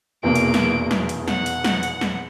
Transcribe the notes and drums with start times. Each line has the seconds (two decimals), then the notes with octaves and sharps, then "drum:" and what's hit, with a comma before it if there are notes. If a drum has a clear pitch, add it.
0.23 F1 E2 B2 A#3 D7
0.35 drum: hi-hat
0.54 drum: snare
0.91 drum: snare
1.09 drum: hi-hat
1.28 F#5, drum: snare
1.46 drum: hi-hat
1.64 drum: snare
1.83 drum: hi-hat
2.01 drum: snare